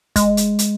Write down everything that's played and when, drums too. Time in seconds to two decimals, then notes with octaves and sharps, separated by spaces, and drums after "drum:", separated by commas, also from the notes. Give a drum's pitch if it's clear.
0.16 G#3, drum: kick, hi-hat
0.37 drum: hi-hat
0.59 drum: hi-hat